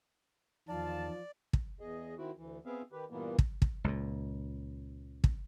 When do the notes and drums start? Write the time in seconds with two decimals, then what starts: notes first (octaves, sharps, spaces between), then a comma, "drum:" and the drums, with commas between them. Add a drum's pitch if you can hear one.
0.69 E2 D#3 F3 D5 F5 A5
1.53 drum: kick
1.80 E2 G#4 D#5
2.18 D#3 C4 E4 F#4
2.37 D2 E3
2.66 B3 C4 G#4 E5 F5
2.92 D#3 G4 B4
3.10 G2 A#2 E3 A#3 B3
3.39 drum: kick
3.62 drum: kick
3.84 C#2 A#2
5.24 drum: kick